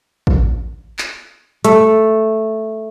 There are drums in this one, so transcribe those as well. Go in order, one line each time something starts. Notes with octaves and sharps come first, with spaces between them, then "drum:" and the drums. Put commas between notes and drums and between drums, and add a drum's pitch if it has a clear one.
drum: kick A1
drum: clap
A3, drum: hi-hat